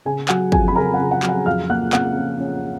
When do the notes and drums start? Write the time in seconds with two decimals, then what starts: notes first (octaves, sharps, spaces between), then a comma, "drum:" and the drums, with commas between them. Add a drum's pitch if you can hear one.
0.05 C#3 G#5
0.29 F#3 F#5, drum: clap
0.52 F2 G#5, drum: kick
0.68 B5
0.76 C#3 A#4 A#5
0.94 F#5
1.00 C#3
1.11 F#5
1.23 F#3, drum: clap
1.29 F#5
1.46 F2 F5 F6
1.70 A#3 F#5 F#6
1.93 A#3 F#5 F#6, drum: clap
2.16 C#4
2.40 C#4